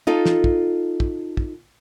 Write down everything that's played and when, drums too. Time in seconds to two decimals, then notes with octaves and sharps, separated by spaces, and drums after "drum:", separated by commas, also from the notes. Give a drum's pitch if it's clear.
0.07 D#4 F4 A4
0.26 drum: snare
0.44 drum: kick
1.00 drum: kick
1.37 drum: kick